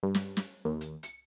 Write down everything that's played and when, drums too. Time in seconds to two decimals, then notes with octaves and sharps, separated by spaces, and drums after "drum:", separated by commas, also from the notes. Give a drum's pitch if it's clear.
0.03 G2
0.15 drum: snare
0.37 drum: snare
0.65 D#2
0.81 drum: hi-hat
1.03 C#7, drum: hi-hat